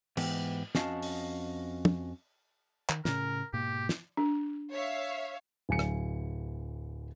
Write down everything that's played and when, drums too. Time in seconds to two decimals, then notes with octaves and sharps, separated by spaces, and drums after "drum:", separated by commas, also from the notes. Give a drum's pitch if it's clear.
0.17 G#2 E3 B3 G4, drum: cymbal
0.75 F2 C#4 F#4 D#5 F5 A5, drum: snare
1.02 drum: open hi-hat
1.85 drum: tom
2.89 D#3, drum: clap
3.05 A2 C#3 C#4 A#4, drum: snare
3.53 G#2 B2 A#3 G4
3.89 drum: snare
4.17 D4
4.72 C#5 E5 F5
5.69 D1 G#5 C#7
5.79 drum: rim click